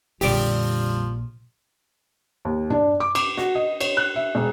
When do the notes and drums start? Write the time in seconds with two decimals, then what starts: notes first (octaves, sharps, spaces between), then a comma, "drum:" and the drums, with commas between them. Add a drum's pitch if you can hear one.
0.21 A#1 F2 A#2 D3 F3 G3 G4 D5, drum: open hi-hat
2.45 D#2
2.70 D4, drum: tom
3.00 D6
3.15 D6, drum: cymbal
3.37 F#4, drum: snare
3.55 D#5
3.81 C#5, drum: cymbal
3.97 F#6
4.16 E5
4.35 E1